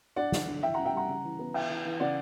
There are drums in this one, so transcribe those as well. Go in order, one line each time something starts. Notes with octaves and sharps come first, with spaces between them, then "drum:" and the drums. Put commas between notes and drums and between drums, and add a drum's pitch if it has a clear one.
D4 D5 F#5
D3, drum: snare
D4
E4 E5 G5
C#4 F#5 A#5
E5 G5
G3 F#5 A#5
C#3
E3
B3
E3 E5 G5, drum: cymbal
E3
E3
C#3 D5 F#5